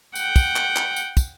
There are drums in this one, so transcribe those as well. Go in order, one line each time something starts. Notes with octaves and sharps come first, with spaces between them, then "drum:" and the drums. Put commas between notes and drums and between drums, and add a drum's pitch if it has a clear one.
F#5 G5, drum: tambourine
drum: kick, tambourine
drum: clap
drum: clap
drum: tambourine
drum: kick, tambourine